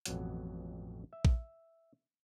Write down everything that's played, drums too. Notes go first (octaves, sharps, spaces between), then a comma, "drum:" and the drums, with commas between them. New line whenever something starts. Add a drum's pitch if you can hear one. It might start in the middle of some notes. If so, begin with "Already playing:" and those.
A1 F2 B2 F#3 F#5, drum: hi-hat
E5
drum: kick A#1